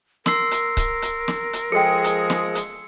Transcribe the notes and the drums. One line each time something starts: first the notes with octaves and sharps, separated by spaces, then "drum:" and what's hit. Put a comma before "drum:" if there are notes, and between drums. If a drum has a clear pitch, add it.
A#4 C6 E6 C7, drum: snare
drum: hi-hat
drum: kick C#1, hi-hat
drum: hi-hat
drum: snare
drum: hi-hat
F3 G#3 G#4 A4 G5 C#7
drum: hi-hat
drum: snare
drum: hi-hat